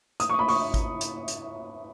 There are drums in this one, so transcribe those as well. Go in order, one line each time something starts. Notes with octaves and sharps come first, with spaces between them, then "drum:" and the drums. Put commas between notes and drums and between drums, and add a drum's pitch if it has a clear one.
D#6, drum: hi-hat
C#6
B5
C#6, drum: open hi-hat
drum: kick G#1, hi-hat
drum: hi-hat
drum: hi-hat